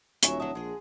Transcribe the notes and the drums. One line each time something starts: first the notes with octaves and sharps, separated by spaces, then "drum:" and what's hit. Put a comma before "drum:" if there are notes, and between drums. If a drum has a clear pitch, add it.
D#1 F#3 F#4 E5 G#5 C#6, drum: hi-hat
F#3 E5 F#5 A5 D#6
A#1 G#3 G#4